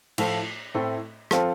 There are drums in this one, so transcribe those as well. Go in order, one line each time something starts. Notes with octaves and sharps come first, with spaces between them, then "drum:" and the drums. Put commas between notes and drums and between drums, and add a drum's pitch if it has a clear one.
A2 F3 A3 F4 A4, drum: cymbal
A2 A3 C4 A4
F3 C4 F4 A4, drum: rim click